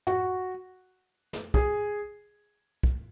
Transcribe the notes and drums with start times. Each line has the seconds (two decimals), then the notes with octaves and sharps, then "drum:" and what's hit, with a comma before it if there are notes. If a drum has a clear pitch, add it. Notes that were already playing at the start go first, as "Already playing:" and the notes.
0.07 F#4, drum: tom
1.33 drum: snare
1.54 G#4, drum: kick
2.83 drum: kick